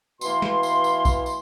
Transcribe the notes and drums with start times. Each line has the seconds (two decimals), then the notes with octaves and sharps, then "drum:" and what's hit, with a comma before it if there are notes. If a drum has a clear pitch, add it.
0.21 B2 E3 A3 F5 C6, drum: tambourine
0.42 drum: snare
0.63 drum: tambourine
0.84 drum: tambourine
1.05 drum: kick A#1, tambourine
1.26 drum: tambourine